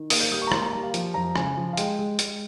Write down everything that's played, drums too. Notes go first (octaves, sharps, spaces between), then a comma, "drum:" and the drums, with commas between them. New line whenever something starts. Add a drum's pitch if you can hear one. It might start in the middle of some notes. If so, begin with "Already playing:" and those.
Already playing: D#3
A#3 D#6, drum: open hi-hat
G6
G3 D#6
C#6
A#5
A#3 C6, drum: rim click
A#5
G3 A#5
F5
F3, drum: hi-hat
F2 A#5
C#3 G#5, drum: rim click
F3
F5
G#3 G5, drum: hi-hat
G#3
G#3, drum: hi-hat